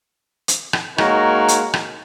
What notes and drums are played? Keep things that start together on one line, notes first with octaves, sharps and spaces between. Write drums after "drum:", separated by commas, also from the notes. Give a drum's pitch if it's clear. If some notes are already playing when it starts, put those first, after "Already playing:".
drum: hi-hat
drum: rim click
G#3 A#3 D#4 F#4 A#4 C#5, drum: rim click
drum: hi-hat
drum: rim click